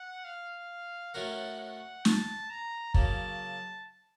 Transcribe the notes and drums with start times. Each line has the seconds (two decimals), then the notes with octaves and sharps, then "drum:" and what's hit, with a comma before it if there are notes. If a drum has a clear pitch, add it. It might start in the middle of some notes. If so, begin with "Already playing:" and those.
Already playing: F#5
0.24 F5
1.14 A2 A3 C#4 F#4 A#4 F#5
1.60 F#5
2.05 A5, drum: snare
2.50 A#5
2.94 C#3 F#3 A#3 A5, drum: kick